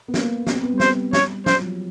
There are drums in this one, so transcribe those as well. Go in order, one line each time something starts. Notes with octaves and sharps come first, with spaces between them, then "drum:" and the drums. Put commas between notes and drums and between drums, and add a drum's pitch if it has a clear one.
B3
A#3, drum: snare
B3, drum: snare
C4
B3
G3
C5, drum: snare
C#5, drum: snare
F#3 C5, drum: snare
F3